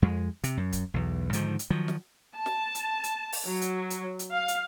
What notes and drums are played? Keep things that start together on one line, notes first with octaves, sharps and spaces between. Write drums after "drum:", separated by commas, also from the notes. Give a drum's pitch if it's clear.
F2 G#3
C3, drum: hi-hat
F#2
drum: kick C#1, hi-hat
B1 E2
G#2 D3 D#3 F3, drum: hi-hat
drum: hi-hat
D#3 F3 F#3
drum: snare
A5
drum: snare
drum: hi-hat
drum: hi-hat
drum: open hi-hat
F#3
drum: hi-hat
drum: hi-hat
drum: hi-hat
F5
drum: hi-hat